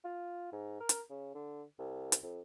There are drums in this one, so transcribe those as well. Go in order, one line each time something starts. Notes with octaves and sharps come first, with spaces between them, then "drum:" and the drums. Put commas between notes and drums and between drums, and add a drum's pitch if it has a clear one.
F4
G#2
A#4
drum: hi-hat
C#3
D3
C2
drum: hi-hat
F2